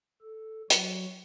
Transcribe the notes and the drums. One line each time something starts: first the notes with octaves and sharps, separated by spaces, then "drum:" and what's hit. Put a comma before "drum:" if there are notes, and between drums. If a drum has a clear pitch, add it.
A4
F#3 F#4, drum: hi-hat